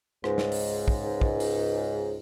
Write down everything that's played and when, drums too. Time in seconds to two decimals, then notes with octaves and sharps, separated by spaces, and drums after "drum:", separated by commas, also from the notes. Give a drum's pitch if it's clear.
0.24 C#2 G#2, drum: rim click
0.38 drum: snare
0.52 drum: open hi-hat
0.88 drum: kick
1.21 drum: kick
1.40 drum: open hi-hat